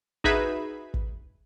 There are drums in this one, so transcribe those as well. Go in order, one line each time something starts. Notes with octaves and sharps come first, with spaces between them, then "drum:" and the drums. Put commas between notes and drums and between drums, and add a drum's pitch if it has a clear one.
D#4 F#4 G#4 B4 E5 B5, drum: kick
drum: kick